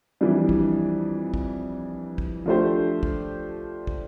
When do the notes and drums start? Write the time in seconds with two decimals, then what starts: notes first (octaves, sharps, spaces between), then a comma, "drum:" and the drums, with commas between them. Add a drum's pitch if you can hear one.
0.21 F2 E3 G3 D4
0.49 drum: kick
1.34 drum: kick
2.18 drum: kick
2.46 F3 A3 D4 G4 C5
3.03 drum: kick
3.87 drum: kick